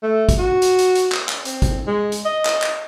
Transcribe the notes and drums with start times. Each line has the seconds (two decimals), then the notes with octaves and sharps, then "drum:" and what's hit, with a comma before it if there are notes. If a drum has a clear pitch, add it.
0.03 A3
0.29 drum: kick, hi-hat
0.39 F#4
0.62 drum: hi-hat
0.79 drum: hi-hat
0.95 drum: hi-hat
1.12 drum: clap
1.29 drum: clap
1.45 C4, drum: hi-hat
1.62 drum: kick, hi-hat
1.87 G#3
2.12 drum: hi-hat
2.25 D#5
2.45 drum: clap
2.62 drum: clap